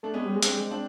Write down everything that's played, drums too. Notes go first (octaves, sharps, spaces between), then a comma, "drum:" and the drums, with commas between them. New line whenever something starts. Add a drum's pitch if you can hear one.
A3 D4
G#3 B3 C#4
G3
G#3
C4 D4, drum: hi-hat
G#3
C4 D4